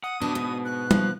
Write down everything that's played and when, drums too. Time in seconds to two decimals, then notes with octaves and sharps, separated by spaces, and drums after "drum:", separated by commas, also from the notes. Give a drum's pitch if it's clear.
0.04 F#5 D#6
0.21 B2 D4
0.35 G#2
0.65 F#6
0.91 F3, drum: tom G3